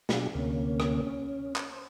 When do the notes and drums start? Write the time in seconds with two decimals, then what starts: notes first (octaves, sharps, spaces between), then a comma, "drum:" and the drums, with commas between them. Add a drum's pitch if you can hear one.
0.09 B2 F#3 D4 G4 G#4, drum: snare
0.34 D2 C3 A#3 C#4
0.80 drum: rim click
1.07 C#4
1.56 drum: clap
1.72 C5